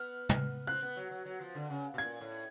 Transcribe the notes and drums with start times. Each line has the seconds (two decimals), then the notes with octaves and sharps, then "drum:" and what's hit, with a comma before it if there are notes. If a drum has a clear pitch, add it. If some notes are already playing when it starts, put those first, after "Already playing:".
Already playing: B3 F6
0.29 drum: tom
0.67 C4 F#6
0.82 B3
0.97 F#3
1.11 F#3
1.26 F#3
1.41 F3
1.55 D3
1.70 C#3
1.94 B2
1.98 A#2 G#6
2.21 A2